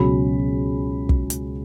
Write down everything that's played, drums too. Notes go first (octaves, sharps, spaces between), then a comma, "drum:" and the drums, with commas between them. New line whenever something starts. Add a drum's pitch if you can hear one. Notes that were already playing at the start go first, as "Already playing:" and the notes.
Already playing: C#2 B2 F#3 C#4 B5
drum: kick
drum: hi-hat